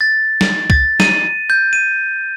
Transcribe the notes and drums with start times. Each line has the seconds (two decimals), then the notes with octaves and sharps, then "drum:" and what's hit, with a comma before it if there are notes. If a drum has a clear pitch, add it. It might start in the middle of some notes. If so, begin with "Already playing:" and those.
0.01 A6
0.41 drum: snare
0.70 A6, drum: kick C2
1.00 D#7, drum: snare
1.50 G6
1.73 D#7